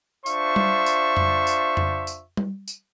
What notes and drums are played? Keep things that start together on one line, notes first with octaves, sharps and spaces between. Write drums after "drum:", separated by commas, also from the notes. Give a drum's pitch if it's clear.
D4 F4 C5 E5 C#6, drum: tambourine
drum: tom G3
drum: tambourine
drum: tom F2
drum: tambourine
drum: tom F2
drum: tambourine
drum: tom G3
drum: tambourine